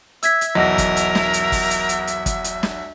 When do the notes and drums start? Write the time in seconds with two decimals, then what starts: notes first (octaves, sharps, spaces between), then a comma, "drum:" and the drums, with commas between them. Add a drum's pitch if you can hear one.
0.23 E5 E6 G#6 B6, drum: hi-hat
0.41 drum: hi-hat
0.55 B1 E2 A#4 D#5 A#6
0.78 drum: kick, hi-hat
0.97 drum: hi-hat
1.15 drum: snare
1.34 drum: hi-hat
1.52 drum: kick, open hi-hat
1.70 drum: hi-hat
1.89 drum: hi-hat
2.07 drum: hi-hat
2.26 drum: kick, hi-hat
2.44 drum: hi-hat
2.63 drum: snare